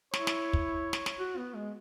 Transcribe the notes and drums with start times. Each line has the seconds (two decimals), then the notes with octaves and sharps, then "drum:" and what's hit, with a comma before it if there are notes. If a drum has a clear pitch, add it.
0.14 E4 C#5, drum: snare
0.27 drum: snare
0.53 drum: kick
0.93 drum: snare
1.06 drum: snare
1.19 F#4
1.37 B3
1.55 G#3